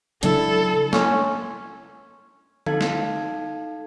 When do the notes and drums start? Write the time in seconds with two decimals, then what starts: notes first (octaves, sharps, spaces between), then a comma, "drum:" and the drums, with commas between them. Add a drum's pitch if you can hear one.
0.23 C#3 F#3 G#3 D4 E4 A4, drum: hi-hat
0.93 A#3 C#4, drum: snare
2.66 D#4 A4 F5 A5 G#6, drum: tom D3
2.81 drum: snare